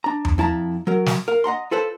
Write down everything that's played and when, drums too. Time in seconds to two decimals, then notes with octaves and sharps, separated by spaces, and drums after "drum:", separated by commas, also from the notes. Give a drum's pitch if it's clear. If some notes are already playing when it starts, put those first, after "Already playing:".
0.04 D4 A#5
0.25 drum: tom E2
0.38 F2 E4 A5 A#5
0.87 F#3 A#4
1.06 drum: snare
1.28 A#4 F5
1.44 D#5 F#5 A#5 C6
1.71 F4 A4 B4 C5 A5